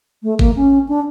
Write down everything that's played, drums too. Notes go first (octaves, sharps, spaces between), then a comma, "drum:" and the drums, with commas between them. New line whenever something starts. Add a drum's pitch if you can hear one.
A3
A#3, drum: kick G1
C#4
D4